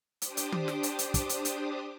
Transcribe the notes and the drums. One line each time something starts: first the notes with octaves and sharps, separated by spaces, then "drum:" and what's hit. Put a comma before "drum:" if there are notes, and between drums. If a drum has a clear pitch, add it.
D4 G4 C5 D6 D#6, drum: hi-hat
drum: hi-hat
drum: tom D#3
drum: snare
drum: hi-hat
drum: hi-hat
drum: kick, hi-hat
drum: hi-hat
drum: hi-hat